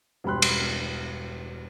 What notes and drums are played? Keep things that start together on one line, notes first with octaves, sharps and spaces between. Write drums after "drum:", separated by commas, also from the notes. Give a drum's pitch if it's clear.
E1 G2 G4 B5 C6 F#6
drum: cymbal